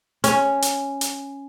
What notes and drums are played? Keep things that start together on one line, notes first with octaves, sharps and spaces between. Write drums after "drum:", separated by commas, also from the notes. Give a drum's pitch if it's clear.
C#4, drum: hi-hat
drum: hi-hat
drum: hi-hat